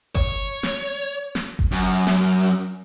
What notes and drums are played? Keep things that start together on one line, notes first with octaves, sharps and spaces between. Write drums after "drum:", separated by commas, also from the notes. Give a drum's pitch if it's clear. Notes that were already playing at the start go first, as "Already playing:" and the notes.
C#5, drum: kick G1
drum: snare
drum: snare
drum: kick G1
F#2
drum: snare